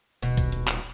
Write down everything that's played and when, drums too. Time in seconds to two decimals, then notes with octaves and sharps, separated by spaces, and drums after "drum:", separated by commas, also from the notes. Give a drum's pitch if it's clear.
0.22 D#1 B2
0.37 drum: kick A#1, hi-hat
0.52 drum: hi-hat
0.67 drum: clap